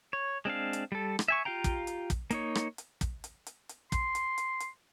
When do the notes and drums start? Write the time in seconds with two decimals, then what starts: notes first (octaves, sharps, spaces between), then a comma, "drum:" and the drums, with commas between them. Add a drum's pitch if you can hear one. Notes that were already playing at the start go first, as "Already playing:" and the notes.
0.13 C#5
0.45 G#3 C4 D4 F5
0.73 drum: hi-hat
0.92 G3 A4
1.19 drum: rim click
1.28 E5 G#5 C#6
1.45 F4 G4 F5 G5 A#5
1.64 drum: kick, hi-hat
1.87 drum: hi-hat
2.10 drum: kick, hi-hat
2.31 A#3 D#4 C#5, drum: hi-hat
2.55 drum: rim click
2.78 drum: hi-hat
3.01 drum: kick, hi-hat
3.24 drum: hi-hat
3.47 drum: hi-hat
3.69 drum: hi-hat
3.92 C6, drum: kick, hi-hat
4.15 drum: hi-hat
4.38 drum: hi-hat
4.60 drum: hi-hat